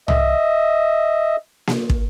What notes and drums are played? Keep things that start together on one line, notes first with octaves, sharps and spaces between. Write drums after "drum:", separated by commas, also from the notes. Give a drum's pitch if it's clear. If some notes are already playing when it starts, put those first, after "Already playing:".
D#5 E5, drum: tom C2
drum: snare A#3
drum: kick